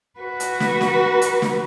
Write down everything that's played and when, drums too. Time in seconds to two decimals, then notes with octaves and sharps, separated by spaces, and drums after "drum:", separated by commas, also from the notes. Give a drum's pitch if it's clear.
0.19 F#4 B4
0.40 drum: hi-hat
0.60 drum: snare
0.81 drum: snare
1.22 drum: hi-hat
1.42 drum: snare